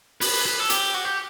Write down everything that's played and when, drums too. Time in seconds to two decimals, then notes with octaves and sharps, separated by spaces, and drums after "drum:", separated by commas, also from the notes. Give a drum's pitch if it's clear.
0.21 B4, drum: open hi-hat
0.46 B4
0.60 A4
0.70 G4, drum: hi-hat
0.94 F#4
1.05 G4